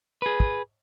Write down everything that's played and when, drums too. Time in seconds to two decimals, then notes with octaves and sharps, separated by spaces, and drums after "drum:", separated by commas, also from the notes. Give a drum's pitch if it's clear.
0.22 G#4 B4
0.40 drum: kick